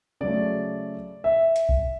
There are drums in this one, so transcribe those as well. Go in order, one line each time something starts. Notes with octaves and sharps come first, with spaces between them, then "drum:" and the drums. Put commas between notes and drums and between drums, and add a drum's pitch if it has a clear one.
C#3 F#3 A3 D5
E5
drum: hi-hat
drum: kick B1